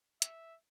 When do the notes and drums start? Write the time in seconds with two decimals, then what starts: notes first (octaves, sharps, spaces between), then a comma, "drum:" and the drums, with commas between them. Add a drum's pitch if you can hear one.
0.22 E5, drum: hi-hat